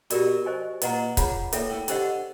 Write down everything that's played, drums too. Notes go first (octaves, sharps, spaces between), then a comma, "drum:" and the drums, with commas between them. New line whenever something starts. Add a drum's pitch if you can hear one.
B2 E4 G4 A#4 D5, drum: hi-hat
C5 D#5 G#5 C#6
A#2 B4 D#5 F#5 A#5, drum: hi-hat
F4 G#4 C#5 F#5 A#5, drum: kick C#1, hi-hat
A#2 A4 C#5 E5 G5, drum: hi-hat
A2
D3 D4 G4 C5 D#5 F#5, drum: hi-hat